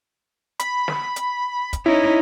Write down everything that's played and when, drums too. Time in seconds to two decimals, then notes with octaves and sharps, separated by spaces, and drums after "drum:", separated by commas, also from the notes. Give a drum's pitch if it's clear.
0.60 B5, drum: hi-hat
0.88 drum: snare
1.16 drum: hi-hat
1.73 drum: kick, hi-hat
1.86 C#4 D#4 E4